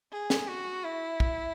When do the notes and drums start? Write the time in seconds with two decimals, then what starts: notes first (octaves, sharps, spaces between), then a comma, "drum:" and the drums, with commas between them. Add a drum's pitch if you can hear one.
0.12 G#4
0.30 drum: snare
0.48 F#4
0.84 E4
1.20 drum: kick